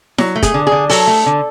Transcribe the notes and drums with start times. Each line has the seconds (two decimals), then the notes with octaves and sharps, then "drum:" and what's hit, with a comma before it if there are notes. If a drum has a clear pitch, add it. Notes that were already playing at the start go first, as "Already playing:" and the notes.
0.18 F#3, drum: snare E4
0.36 A3
0.43 G#4, drum: kick, hi-hat
0.54 D3
0.67 G#4
0.72 D3
0.90 F#3 A4, drum: open hi-hat
1.07 A3
1.26 D3